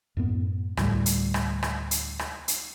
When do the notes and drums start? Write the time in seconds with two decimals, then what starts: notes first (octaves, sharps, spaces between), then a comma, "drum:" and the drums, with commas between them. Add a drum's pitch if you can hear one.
0.17 F#2 A2 B3
0.77 D2 A2 G3, drum: rim click
1.06 drum: hi-hat
1.34 drum: rim click
1.63 drum: rim click
1.91 drum: hi-hat
2.19 drum: rim click
2.48 drum: hi-hat